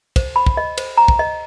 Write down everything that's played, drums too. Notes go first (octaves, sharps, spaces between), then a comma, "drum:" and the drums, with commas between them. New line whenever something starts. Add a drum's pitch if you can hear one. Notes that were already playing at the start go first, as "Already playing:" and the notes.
C5, drum: kick, cymbal
B5
drum: kick
D#5
C5, drum: cymbal
A#5
drum: kick
D#5